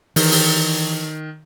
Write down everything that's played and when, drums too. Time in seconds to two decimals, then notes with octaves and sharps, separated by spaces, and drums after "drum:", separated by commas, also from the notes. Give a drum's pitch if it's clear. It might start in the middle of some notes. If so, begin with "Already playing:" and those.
0.16 D#3 E3, drum: open hi-hat
0.32 drum: open hi-hat